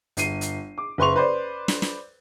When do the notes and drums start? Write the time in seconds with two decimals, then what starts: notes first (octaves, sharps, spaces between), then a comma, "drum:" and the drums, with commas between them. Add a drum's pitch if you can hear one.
0.17 G1 C7 D#7, drum: hi-hat
0.41 drum: hi-hat
0.78 D6
0.98 F#1 B4 C6 C#6 F7
1.16 B4 C5 D5
1.68 drum: snare
1.82 drum: snare